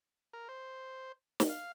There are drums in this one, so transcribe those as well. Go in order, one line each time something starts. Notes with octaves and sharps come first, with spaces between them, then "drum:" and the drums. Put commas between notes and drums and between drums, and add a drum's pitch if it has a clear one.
A#4
C5
drum: snare
F5